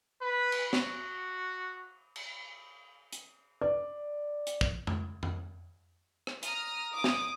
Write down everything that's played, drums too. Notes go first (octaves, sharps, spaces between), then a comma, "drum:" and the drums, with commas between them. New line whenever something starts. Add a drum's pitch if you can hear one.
B4
drum: cymbal
F#4, drum: snare
drum: cymbal
drum: hi-hat
D5
drum: hi-hat
drum: kick
drum: tom F2
drum: tom F2
drum: rim click
A#5 D#6 F6, drum: hi-hat
D6 D#6
drum: snare